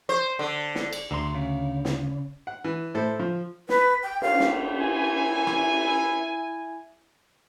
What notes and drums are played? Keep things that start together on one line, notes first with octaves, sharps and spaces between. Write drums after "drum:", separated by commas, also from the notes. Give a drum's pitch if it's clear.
C5
D3
drum: snare
drum: cymbal
D2 D3 A#5 C6
C#3
drum: snare
F#5
E3
A2 E4 A4 C5
F3
B4, drum: snare
G5
F5, drum: cymbal
drum: snare
E4 G#5
drum: rim click